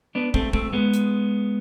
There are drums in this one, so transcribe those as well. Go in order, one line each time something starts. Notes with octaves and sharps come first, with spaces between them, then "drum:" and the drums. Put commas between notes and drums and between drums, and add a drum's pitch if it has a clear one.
B3 D4
A3 C4, drum: kick
A3 C4, drum: kick
G#3 B3
drum: hi-hat